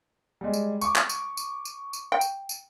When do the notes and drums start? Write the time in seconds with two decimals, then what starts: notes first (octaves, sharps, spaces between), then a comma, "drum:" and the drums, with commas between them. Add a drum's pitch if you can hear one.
0.41 G3 G#3
0.53 drum: tambourine
0.81 C#6 D6, drum: tambourine
0.95 drum: clap
1.09 drum: tambourine
1.37 drum: tambourine
1.65 drum: tambourine
1.93 drum: tambourine
2.12 G5
2.21 drum: tambourine
2.49 drum: tambourine